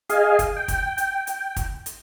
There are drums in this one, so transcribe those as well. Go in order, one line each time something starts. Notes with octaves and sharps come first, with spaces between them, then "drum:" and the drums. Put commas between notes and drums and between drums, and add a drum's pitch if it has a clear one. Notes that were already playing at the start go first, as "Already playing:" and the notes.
G#4 D#5 F5 G#5, drum: hi-hat
drum: kick, hi-hat
G5
drum: kick, hi-hat
drum: hi-hat
drum: hi-hat
drum: kick, hi-hat
drum: hi-hat